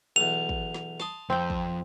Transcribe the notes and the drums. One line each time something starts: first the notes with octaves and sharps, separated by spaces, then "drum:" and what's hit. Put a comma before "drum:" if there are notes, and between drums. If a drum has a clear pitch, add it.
B1 E2 F7
drum: kick
drum: snare
A5 C6 D#6, drum: snare
F2 C4 G5
drum: kick